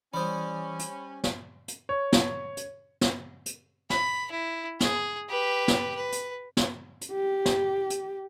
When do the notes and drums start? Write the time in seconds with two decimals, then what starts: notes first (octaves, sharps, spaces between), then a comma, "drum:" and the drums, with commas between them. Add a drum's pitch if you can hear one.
0.14 E3 G3 C#4 C5 D5 B5 D#6
0.79 drum: hi-hat
1.24 drum: snare
1.68 drum: hi-hat
1.89 C#5
2.13 drum: snare
2.57 drum: hi-hat
3.01 drum: snare
3.46 drum: hi-hat
3.90 B5, drum: snare
4.31 E4
4.80 G#4, drum: snare
5.29 G4 B4
5.68 drum: snare
5.95 B4
6.12 drum: hi-hat
6.57 drum: snare
7.01 drum: hi-hat
7.12 G4
7.46 drum: snare
7.90 drum: hi-hat